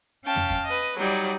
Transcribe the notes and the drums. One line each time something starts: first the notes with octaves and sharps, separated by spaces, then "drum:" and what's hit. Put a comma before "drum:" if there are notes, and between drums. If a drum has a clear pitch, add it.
C#4 F5 G5 A5
drum: tom
drum: kick F2
B4 D#5
F#3 G3 D#4 D5